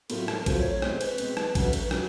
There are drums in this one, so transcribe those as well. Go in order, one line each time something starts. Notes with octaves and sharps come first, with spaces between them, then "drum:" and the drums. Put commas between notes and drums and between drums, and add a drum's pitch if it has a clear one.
A2 F#3 A3 C4 F4 A#4, drum: cymbal
drum: rim click
A2 F#3 A3 C4 F4 C5, drum: kick A#1, cymbal
C#5
C#5
B2 G#3 C4 C5, drum: rim click
B4, drum: cymbal
B2 G#3 C4, drum: cymbal
drum: rim click
D2 C#3 F#3, drum: kick A#1, cymbal
drum: cymbal
B4
C#3 F#3 A#4, drum: rim click